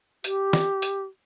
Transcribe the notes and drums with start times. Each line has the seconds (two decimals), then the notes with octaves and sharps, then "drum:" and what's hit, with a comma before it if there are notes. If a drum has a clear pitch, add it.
0.24 G4, drum: hi-hat
0.53 drum: snare
0.82 drum: hi-hat